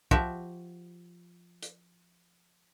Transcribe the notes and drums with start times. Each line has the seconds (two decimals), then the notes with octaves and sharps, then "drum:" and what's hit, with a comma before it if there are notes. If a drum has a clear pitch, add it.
0.11 F3 F#4 G4 E5, drum: kick
1.63 drum: hi-hat